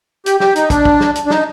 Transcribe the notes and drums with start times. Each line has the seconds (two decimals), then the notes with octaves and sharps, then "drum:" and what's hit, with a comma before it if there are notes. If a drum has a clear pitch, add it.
0.26 G4, drum: hi-hat
0.40 G4, drum: snare
0.55 D#4, drum: hi-hat
0.70 D4, drum: kick, hi-hat
0.85 drum: kick
1.00 drum: snare
1.15 drum: hi-hat
1.26 D4
1.30 D#4, drum: snare